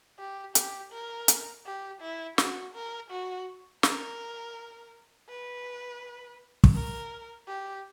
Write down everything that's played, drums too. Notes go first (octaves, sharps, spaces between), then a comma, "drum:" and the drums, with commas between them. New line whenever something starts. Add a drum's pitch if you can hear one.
G4
G4, drum: hi-hat
A#4
drum: hi-hat
G4
E4
F#4, drum: snare
A#4
F#4
A#4, drum: snare
B4
drum: kick
A#4
G4